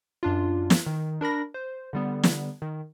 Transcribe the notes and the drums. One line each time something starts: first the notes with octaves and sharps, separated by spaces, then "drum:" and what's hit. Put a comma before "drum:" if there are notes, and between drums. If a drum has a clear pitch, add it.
F#2 D4 F4
drum: snare
D#3
D4 A#4 B5 A#6
C5
D3 G3 B3
drum: snare
D#3